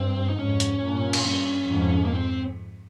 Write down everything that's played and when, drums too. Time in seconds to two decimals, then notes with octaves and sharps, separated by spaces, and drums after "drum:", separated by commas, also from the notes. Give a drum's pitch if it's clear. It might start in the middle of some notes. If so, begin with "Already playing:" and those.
Already playing: G2 C4
0.29 D#4
0.39 F2 G#2 C#4
0.60 drum: hi-hat
0.83 G2 A#2
1.13 drum: cymbal
1.26 G2 C#4
1.69 F2 G#2
2.05 A#3
2.13 C4